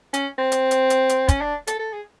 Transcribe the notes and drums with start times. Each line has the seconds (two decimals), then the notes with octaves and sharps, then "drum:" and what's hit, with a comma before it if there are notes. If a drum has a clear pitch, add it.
0.14 C#4, drum: hi-hat
0.38 C4
0.52 drum: hi-hat
0.71 drum: hi-hat
0.90 drum: hi-hat
1.09 drum: hi-hat
1.28 C#4, drum: kick, hi-hat
1.41 D4
1.67 A4, drum: hi-hat
1.80 A4
1.93 G#4